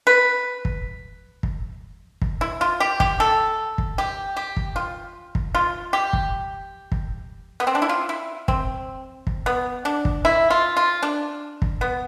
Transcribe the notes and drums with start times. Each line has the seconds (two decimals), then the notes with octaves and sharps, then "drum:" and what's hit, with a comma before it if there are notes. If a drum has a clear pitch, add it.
0.07 B4
0.65 drum: kick
1.43 drum: kick
2.22 drum: kick
2.41 E4
2.61 F4
2.80 G4
3.00 G4, drum: kick
3.20 A4
3.78 drum: kick
3.98 G4
4.37 G4
4.57 drum: kick
4.76 F4
5.35 drum: kick
5.55 F4
5.93 G4
6.13 drum: kick
6.92 drum: kick
7.60 B3
7.67 C4
7.75 D4
7.82 E4
7.89 F4
8.09 E4
8.48 C4, drum: kick
9.27 drum: kick
9.46 B3
9.85 D4
10.05 drum: kick
10.25 E4
10.50 F4
10.77 F4
11.03 D4
11.62 drum: kick
11.81 B3